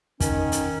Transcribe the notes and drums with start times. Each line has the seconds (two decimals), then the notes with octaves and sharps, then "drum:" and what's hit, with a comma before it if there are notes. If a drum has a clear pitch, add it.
0.20 D#3 C#4, drum: kick, hi-hat
0.52 drum: hi-hat